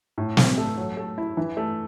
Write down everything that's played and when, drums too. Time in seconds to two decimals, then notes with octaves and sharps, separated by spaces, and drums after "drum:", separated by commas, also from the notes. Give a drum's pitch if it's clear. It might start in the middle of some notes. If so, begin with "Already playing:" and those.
0.18 A2
0.37 E3, drum: snare
0.58 A3
0.77 F#3
0.97 A3
1.18 E4
1.37 E3
1.57 A3